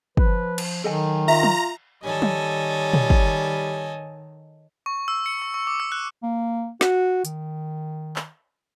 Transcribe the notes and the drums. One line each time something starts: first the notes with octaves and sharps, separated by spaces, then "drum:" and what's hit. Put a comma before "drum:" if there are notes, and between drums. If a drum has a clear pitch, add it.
F3 B4, drum: kick
drum: cymbal
D#3 F#3 A4 D#5 G#5
F4 E5 A#5
drum: tom
D#3 G3 A4 C#5 D#5 G#5
drum: tom
drum: tom
drum: kick
C#6
E6
C#7
C#6
C#6
D6
E6
F#6
A#3
F#4, drum: snare
D#3, drum: hi-hat
drum: clap